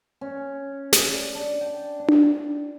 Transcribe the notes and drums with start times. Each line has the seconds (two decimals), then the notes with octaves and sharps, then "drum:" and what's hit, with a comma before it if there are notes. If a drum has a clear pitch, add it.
0.21 C#4
0.93 drum: snare
1.06 D5
1.35 D4
1.61 G5
1.99 D4
2.08 drum: tom D4